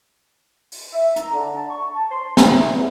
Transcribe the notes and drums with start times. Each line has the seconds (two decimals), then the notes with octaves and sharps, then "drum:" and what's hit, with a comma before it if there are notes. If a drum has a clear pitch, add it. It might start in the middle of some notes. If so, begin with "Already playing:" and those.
0.72 drum: open hi-hat
0.93 E5
1.16 A#5, drum: hi-hat
1.32 D3
1.56 A5
1.70 C#6
1.94 A5
2.11 C6
2.37 D#4, drum: snare
2.52 E4
2.73 E2